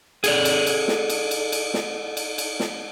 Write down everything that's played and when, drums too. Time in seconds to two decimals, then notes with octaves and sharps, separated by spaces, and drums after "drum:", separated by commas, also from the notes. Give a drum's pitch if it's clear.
0.24 G#4 A4 D5, drum: cymbal
0.45 drum: cymbal
0.67 drum: cymbal
0.88 drum: snare
1.10 drum: cymbal
1.31 drum: cymbal
1.52 drum: cymbal
1.74 drum: snare
2.17 drum: cymbal
2.38 drum: cymbal
2.60 drum: snare